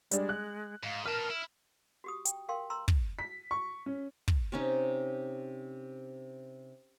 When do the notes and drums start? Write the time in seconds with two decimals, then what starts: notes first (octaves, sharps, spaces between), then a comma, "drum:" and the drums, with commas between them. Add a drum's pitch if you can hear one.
0.11 G3 G#3 D4, drum: hi-hat
0.29 F#6
0.83 G#2 F5
1.06 A#4 B4 A5 F6
1.30 E4
2.04 F#4 G4 D#6
2.25 G5, drum: hi-hat
2.48 A#4 F5 G5 C6
2.70 A#5 C6 E6
2.88 drum: kick
3.19 B6
3.51 C#6
3.86 C#4
4.28 drum: kick
4.52 C3 C#4 D#4